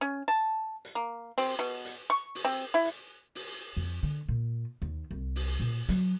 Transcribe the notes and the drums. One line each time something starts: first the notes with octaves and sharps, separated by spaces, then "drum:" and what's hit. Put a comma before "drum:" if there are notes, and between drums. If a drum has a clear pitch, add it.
C#4
A5
drum: hi-hat
A#3
C4, drum: open hi-hat
B2
drum: hi-hat
C#6
drum: open hi-hat
C4
E4
drum: hi-hat
drum: open hi-hat
F2
D3
A#2
D#2
C2
drum: open hi-hat
A#2
F#3, drum: hi-hat